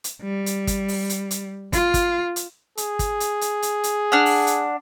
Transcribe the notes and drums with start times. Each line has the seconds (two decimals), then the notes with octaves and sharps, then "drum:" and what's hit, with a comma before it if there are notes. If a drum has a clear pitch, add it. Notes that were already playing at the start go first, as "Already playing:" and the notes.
0.04 drum: hi-hat
0.21 G3
0.46 drum: hi-hat
0.67 drum: kick, hi-hat
0.88 drum: open hi-hat
1.09 drum: hi-hat
1.31 drum: hi-hat
1.73 F4, drum: kick, hi-hat
1.94 drum: kick, hi-hat
2.36 drum: hi-hat
2.77 G#4, drum: hi-hat
2.99 drum: kick, hi-hat
3.20 drum: hi-hat
3.41 drum: hi-hat
3.62 drum: hi-hat
3.84 drum: hi-hat
4.12 D4 F#5 F6
4.26 drum: open hi-hat
4.47 drum: hi-hat